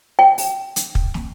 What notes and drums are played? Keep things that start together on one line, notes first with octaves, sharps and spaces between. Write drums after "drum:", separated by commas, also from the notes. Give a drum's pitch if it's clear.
G5
drum: open hi-hat
drum: hi-hat
drum: kick
drum: snare